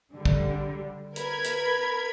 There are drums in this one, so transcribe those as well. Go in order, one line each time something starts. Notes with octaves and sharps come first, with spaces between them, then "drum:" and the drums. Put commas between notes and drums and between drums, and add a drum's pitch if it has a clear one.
D3 G3
drum: kick
A#4 B4 B5 G#6, drum: hi-hat
drum: hi-hat